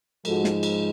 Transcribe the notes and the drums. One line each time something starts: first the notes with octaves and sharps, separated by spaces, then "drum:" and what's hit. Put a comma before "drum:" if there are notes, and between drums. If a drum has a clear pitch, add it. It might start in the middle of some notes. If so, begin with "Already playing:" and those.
G#2 F3 G#3 F#4 A4, drum: cymbal
drum: snare
drum: cymbal